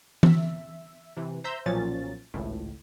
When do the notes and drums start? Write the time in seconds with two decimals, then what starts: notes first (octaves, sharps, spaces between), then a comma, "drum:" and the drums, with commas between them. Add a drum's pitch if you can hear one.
0.23 E5, drum: tom E3
1.17 C3 E3
1.44 C5 E5 A#5 E6 G6
1.66 B1 A#2 F3 F#3 C#4 A6
2.34 G#1 C#2 A2